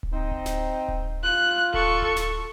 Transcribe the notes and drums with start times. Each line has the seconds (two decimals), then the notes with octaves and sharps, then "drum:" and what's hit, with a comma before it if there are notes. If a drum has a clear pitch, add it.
0.03 drum: kick D1
0.13 C4 D#4
0.31 drum: kick D1
0.46 drum: snare
0.88 drum: kick D1
1.24 F4 F#6
1.74 A4 C#6, drum: kick D1
2.02 drum: kick D1
2.16 drum: snare